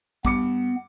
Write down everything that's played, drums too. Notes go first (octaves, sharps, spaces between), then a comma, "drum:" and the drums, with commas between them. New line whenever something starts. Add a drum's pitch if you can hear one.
G2 B3 D6 C#7, drum: kick